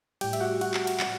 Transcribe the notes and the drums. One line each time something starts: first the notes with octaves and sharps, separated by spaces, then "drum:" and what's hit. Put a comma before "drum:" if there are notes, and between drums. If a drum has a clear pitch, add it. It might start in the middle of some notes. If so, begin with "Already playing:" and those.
A2 G3 G4 G5, drum: cymbal
E5, drum: cymbal
F#4 F#5
F#4 F#5, drum: cymbal
drum: clap
drum: cymbal
G3, drum: clap